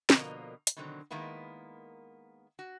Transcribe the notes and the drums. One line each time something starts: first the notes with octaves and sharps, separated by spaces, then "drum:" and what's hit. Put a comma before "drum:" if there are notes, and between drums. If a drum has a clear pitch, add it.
B2 D3 F3 A#3 A#4 D#5, drum: snare
drum: hi-hat
B2 D3 D#3 F#3 A#3 C4
D#3 G#3 A#3 B3 E4
F#4